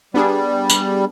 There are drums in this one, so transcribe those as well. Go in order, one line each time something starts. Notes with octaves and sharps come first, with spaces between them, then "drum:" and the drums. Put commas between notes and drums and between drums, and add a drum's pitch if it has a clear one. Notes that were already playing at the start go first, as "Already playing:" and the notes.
G3 B3 D4 G#4
drum: tambourine